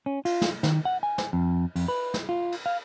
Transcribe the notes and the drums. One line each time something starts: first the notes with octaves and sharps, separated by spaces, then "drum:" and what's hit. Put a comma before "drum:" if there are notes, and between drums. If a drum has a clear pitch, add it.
C#4
F4, drum: cymbal
drum: snare
D#3, drum: snare
F#5
G#5
drum: snare
F2
F2, drum: cymbal
B4
drum: snare
F4
drum: cymbal
F5